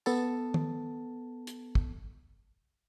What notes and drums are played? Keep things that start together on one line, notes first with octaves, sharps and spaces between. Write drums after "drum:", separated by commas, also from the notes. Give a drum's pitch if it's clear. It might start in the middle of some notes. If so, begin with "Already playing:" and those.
B3 A4 A5, drum: tambourine
drum: tom D#3
drum: hi-hat
drum: kick